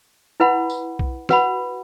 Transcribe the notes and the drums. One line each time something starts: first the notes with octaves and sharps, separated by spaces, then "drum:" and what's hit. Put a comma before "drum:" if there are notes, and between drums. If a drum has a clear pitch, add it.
E4 B4 F#5 B5
drum: tambourine
drum: kick B1
F#4 B4 F#5 B5, drum: snare